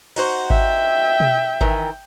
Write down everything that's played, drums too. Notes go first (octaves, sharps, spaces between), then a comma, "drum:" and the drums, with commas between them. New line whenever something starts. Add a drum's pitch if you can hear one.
D#4 F#4 C5, drum: cymbal
E5 G5, drum: kick G#1
drum: tom B2
D#3 E3, drum: kick G#1